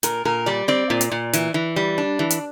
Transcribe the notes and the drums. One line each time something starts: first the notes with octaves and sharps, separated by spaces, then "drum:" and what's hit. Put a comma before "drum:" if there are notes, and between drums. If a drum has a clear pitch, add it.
A#2 A#4, drum: hi-hat
A#2 A#4
G3 D5
C4 D5
A#2
drum: hi-hat
A#2
E3, drum: hi-hat
E3
G3
D4
E3
drum: hi-hat